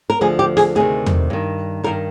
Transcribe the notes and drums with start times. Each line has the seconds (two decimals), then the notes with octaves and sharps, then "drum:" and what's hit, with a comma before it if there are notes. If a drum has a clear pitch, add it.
0.10 A#4
0.21 D2 D3 F3 G#4
0.39 G4
0.57 G#4, drum: snare
0.75 D2 C3 D#3 G#4
1.06 drum: tom
1.30 G2 D#3
1.83 G2 D#3 A#4